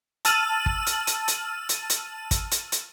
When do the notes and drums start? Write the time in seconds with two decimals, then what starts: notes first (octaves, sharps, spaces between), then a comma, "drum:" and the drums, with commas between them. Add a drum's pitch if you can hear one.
0.25 A5 E6 F6 A6 D#7 F#7, drum: hi-hat
0.66 drum: kick
0.87 drum: hi-hat
1.07 drum: hi-hat
1.28 drum: hi-hat
1.69 drum: hi-hat
1.90 drum: hi-hat
2.31 drum: kick, hi-hat
2.52 drum: hi-hat
2.72 drum: hi-hat